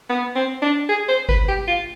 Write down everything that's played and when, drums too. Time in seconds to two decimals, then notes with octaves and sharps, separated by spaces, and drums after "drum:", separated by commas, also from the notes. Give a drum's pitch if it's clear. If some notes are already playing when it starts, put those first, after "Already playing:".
0.09 B3
0.35 C4
0.62 D4
0.89 G#4
1.09 C5
1.29 B4, drum: kick G1
1.48 G4
1.68 F4